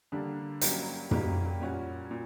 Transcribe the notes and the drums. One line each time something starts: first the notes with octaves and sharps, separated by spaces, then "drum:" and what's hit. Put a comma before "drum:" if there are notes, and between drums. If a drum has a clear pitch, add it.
D3 G3 A#3 D4
G2 F#3 A#3 C#4 G4, drum: hi-hat
G2 F#3 A#3 C#4 G4, drum: tom
A#2 G3 C#4 F#4
A#2